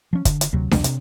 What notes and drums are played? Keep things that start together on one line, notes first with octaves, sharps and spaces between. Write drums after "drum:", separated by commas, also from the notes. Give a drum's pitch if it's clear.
F3 C#4
D3, drum: kick, hi-hat
drum: hi-hat
D2 C3 F#3
B1 E2 C3 F#3, drum: snare D4
C3, drum: hi-hat